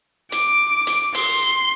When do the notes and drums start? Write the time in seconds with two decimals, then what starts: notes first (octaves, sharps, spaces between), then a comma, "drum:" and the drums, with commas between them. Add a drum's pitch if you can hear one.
0.32 D6, drum: hi-hat
0.87 drum: hi-hat
1.15 C6, drum: open hi-hat